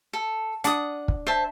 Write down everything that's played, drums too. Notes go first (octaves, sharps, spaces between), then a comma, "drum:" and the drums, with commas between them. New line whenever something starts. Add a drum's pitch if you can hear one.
A4
D4 F#5 D#6, drum: hi-hat
drum: kick
C5 E5 A5